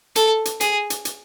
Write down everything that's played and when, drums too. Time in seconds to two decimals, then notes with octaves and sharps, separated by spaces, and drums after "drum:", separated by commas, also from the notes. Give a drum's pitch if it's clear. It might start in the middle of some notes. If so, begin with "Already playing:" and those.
0.16 A4, drum: hi-hat
0.45 drum: hi-hat
0.60 G#4, drum: hi-hat
0.90 drum: hi-hat
1.05 drum: hi-hat